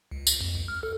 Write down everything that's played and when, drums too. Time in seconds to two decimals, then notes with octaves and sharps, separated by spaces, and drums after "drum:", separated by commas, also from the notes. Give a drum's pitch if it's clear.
0.11 C#2
0.27 drum: tambourine
0.41 F2
0.55 C#2
0.68 F6
0.83 A4